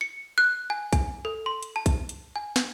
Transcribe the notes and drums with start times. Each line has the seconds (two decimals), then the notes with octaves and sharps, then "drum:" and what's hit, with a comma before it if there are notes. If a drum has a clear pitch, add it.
0.01 C#7
0.38 F#6
0.70 G#5
0.93 G#5, drum: kick, hi-hat
1.25 A4
1.46 C6
1.63 drum: hi-hat
1.76 A5
1.86 drum: kick, hi-hat
2.09 drum: hi-hat
2.36 G#5
2.56 drum: snare